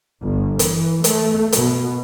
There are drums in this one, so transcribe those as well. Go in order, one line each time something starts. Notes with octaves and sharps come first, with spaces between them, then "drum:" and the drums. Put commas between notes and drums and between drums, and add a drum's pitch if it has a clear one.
G1
E3, drum: hi-hat
A3, drum: hi-hat
B2, drum: hi-hat